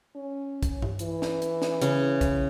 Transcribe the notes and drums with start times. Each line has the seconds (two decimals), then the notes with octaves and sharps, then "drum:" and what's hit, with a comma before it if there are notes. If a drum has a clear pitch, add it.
0.16 C#4
0.63 drum: kick, hi-hat
0.82 drum: tom G2
0.99 E3, drum: hi-hat
1.22 drum: snare
1.42 drum: hi-hat
1.62 drum: snare
1.81 C#3, drum: hi-hat
2.21 drum: kick, hi-hat